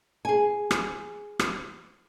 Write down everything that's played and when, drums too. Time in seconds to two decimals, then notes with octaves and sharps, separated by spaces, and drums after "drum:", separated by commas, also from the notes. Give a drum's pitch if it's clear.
0.25 G#4 G#5
0.71 drum: rim click
1.39 drum: rim click